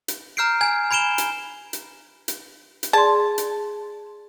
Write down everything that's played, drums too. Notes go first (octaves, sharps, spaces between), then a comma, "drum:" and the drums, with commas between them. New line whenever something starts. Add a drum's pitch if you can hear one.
drum: hi-hat
A#5 F6 G6 C7 D7
G#5 G#6
B5 G#6 D7 E7 G7
drum: hi-hat
drum: hi-hat
drum: hi-hat
drum: hi-hat
G#4 D5 A5 C6
drum: hi-hat